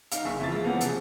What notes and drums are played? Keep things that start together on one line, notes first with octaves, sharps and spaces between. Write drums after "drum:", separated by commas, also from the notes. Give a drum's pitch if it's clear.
D#4 F5, drum: hi-hat
F#1 G#4 E5 C#6
F2 E3 F4 E5 A6
G#3
E3 F3 A#3 B3 C#4
C3 G#4, drum: hi-hat